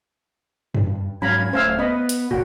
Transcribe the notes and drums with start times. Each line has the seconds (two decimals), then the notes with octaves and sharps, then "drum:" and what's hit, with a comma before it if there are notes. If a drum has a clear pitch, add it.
0.75 G2, drum: tom F#2
1.22 G#2 F#3 C#4 F5 A#5 B5 G#6
1.53 D1 A3 C#4 C5 F5 E6
1.79 B3 B4 D#5 B5
2.09 drum: hi-hat
2.31 E1 A#1 A#2 F#4 G5